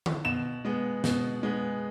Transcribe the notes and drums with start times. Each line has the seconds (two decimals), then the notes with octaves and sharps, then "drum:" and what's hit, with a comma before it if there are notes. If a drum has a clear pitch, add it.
0.06 drum: tom D3
0.25 B2 E7
0.65 G#3 B3
1.04 B2, drum: snare
1.43 G#3 B3